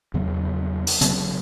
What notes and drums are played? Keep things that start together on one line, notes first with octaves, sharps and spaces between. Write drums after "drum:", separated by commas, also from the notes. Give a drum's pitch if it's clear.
E2 C#3 F#3 B3
drum: open hi-hat
C#3 F#3 B3, drum: hi-hat